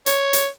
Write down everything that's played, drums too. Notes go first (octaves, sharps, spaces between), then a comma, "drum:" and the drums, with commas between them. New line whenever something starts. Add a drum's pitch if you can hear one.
C#5, drum: hi-hat
drum: hi-hat